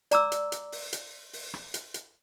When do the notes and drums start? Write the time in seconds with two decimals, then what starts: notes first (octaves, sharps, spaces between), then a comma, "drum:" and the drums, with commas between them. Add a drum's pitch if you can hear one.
0.11 D5 A#5 D6 E6, drum: hi-hat
0.32 drum: hi-hat
0.52 drum: hi-hat
0.72 drum: open hi-hat
0.93 drum: hi-hat
1.33 drum: open hi-hat
1.54 drum: rim click
1.74 drum: hi-hat
1.94 drum: hi-hat